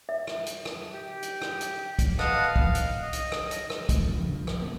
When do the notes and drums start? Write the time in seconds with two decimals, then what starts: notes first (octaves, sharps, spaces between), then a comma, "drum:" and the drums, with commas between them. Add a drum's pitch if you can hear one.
0.09 E5
0.27 drum: rim click
0.46 drum: hi-hat
0.65 drum: rim click
0.93 G4
1.23 drum: hi-hat
1.42 drum: rim click
1.61 drum: hi-hat
1.99 drum: kick, hi-hat
2.19 B4 D#5 F5 F#5 A5 D#6, drum: rim click
2.47 F5
2.56 drum: kick
2.75 drum: hi-hat
3.02 D#5
3.13 drum: hi-hat
3.32 drum: rim click
3.51 drum: hi-hat
3.70 drum: rim click
3.89 D2 G2 A3, drum: kick, hi-hat
4.03 E3 F3 A3
4.17 E2 G2 C#3
4.35 F3
4.47 G1 E2, drum: rim click
4.60 D1 A1 F#2 A#3